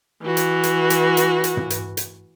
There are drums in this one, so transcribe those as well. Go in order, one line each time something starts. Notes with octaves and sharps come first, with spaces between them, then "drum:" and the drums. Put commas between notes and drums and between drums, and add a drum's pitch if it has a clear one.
E3 F#4
drum: hi-hat
drum: hi-hat
drum: hi-hat
drum: hi-hat
drum: hi-hat
drum: tom
drum: hi-hat
drum: hi-hat